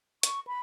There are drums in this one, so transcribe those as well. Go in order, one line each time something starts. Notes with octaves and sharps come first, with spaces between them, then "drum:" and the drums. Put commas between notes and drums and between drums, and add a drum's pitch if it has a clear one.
C#6, drum: hi-hat
B5